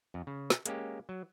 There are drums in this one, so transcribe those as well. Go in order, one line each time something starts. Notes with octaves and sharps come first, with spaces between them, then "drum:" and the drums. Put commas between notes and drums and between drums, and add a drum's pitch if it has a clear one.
F2
C#3
drum: snare
G#3 A#3 C#4 G4, drum: hi-hat
F#3